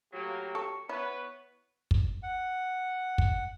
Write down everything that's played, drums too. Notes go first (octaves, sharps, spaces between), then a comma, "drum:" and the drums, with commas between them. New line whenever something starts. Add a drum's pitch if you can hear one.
A2 F#3 A#3 G4
A4 C#6
B3 E4 B4 C#5
drum: kick
F#5
drum: kick